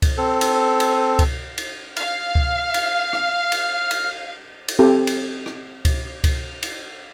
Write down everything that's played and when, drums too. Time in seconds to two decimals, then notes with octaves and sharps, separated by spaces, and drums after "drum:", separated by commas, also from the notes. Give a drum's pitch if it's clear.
0.02 drum: kick C#2, cymbal
0.17 C4 A4
0.41 drum: cymbal
0.80 drum: cymbal
1.19 drum: kick C#2, cymbal
1.58 drum: cymbal
1.96 F5 F6, drum: cymbal
2.35 drum: kick C#2
2.74 drum: cymbal
3.13 drum: rim click
3.52 drum: cymbal
3.91 drum: cymbal
4.68 drum: cymbal
4.79 C4 G4 A4
5.07 drum: cymbal
5.46 drum: rim click
5.85 drum: kick C#2, cymbal
6.24 drum: kick C#2, cymbal
6.63 drum: cymbal